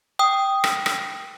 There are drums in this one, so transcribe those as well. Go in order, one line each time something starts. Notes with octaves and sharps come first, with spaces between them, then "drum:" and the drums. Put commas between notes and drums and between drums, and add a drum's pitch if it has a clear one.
G5 D#6
drum: rim click
drum: rim click